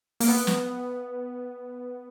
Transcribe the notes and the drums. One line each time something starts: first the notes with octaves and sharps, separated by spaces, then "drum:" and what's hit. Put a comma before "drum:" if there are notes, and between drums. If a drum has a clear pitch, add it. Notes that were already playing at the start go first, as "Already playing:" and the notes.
A#3, drum: open hi-hat
B3
drum: snare